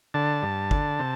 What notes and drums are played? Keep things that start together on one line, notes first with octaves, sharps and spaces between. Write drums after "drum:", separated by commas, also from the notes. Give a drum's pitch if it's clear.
D3 A5
G2
D3, drum: kick G1
C3